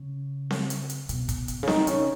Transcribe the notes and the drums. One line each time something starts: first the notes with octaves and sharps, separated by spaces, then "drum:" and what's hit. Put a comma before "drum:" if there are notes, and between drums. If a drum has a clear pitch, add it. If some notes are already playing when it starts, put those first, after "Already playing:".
Already playing: C#3
drum: snare C4
drum: hi-hat
drum: hi-hat
B2, drum: hi-hat
drum: kick, hi-hat
drum: hi-hat
C#3
D#3, drum: snare C4
C#3, drum: hi-hat